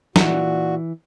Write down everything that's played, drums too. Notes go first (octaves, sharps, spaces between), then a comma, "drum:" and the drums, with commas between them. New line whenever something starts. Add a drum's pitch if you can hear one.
A#2 E3 F#4, drum: snare